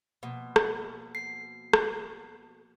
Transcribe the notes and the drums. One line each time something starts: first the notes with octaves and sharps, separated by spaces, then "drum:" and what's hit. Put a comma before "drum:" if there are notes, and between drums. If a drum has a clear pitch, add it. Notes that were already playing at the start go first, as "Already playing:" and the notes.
B2 F3 A#3
drum: rim click
C7
drum: rim click